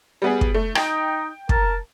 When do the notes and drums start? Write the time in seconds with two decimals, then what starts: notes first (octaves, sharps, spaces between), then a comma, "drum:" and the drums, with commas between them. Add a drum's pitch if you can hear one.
0.22 G3 B3 G#4
0.41 drum: kick
0.54 A3
0.75 D#4 G5, drum: rim click
1.49 A#4 A5, drum: kick